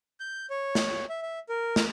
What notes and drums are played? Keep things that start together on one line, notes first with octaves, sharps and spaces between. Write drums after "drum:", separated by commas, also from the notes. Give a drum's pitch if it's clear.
G6
C#5
drum: snare
E5
E5
A#4
drum: snare